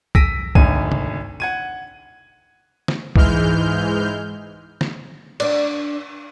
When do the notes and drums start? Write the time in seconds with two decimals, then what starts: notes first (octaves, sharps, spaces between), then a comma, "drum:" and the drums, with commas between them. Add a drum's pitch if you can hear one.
0.15 E6 A#6 B6 D7 D#7, drum: kick B1
0.55 G#1 D2 G#5 D#7, drum: kick B1
0.92 drum: tom C3
1.40 F#5 G#6 D#7
2.88 drum: snare
3.16 G#2 E3 G#3 F6 G6, drum: kick B1
4.81 drum: snare
5.40 D4 D5, drum: cymbal